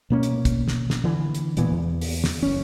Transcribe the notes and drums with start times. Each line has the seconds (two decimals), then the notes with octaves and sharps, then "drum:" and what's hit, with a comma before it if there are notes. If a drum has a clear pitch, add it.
0.10 B2 A#3 C#4
0.23 drum: hi-hat
0.45 drum: kick, hi-hat
0.68 drum: snare
0.90 drum: snare
1.04 D3 E3
1.35 drum: hi-hat
1.57 E1 A#2 E3 B3, drum: hi-hat
1.72 E2
2.01 drum: open hi-hat
2.24 drum: snare
2.42 F#1 C#4